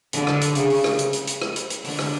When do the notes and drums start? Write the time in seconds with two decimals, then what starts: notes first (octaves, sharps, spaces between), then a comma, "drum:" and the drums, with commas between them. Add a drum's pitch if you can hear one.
0.13 D3, drum: hi-hat
0.27 drum: rim click
0.41 drum: hi-hat
0.55 C#3, drum: hi-hat
0.70 drum: open hi-hat
0.84 drum: rim click
0.99 drum: hi-hat
1.13 drum: hi-hat
1.27 drum: hi-hat
1.42 drum: rim click
1.56 drum: hi-hat
1.70 drum: hi-hat
1.84 D3, drum: open hi-hat
1.99 drum: rim click